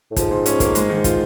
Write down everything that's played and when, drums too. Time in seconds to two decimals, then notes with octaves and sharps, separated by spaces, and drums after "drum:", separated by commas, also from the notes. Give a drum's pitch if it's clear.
0.11 A2
0.16 G#2 F3, drum: kick, hi-hat
0.31 A#2
0.46 C#4, drum: hi-hat
0.60 A#3, drum: kick, hi-hat
0.75 G#3, drum: hi-hat
0.90 D#3
1.04 F4, drum: kick, hi-hat